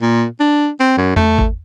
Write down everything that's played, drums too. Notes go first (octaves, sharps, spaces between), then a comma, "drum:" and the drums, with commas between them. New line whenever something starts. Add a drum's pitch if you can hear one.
A#2
D4
C4
F#2
A3, drum: tom E2
drum: kick G#1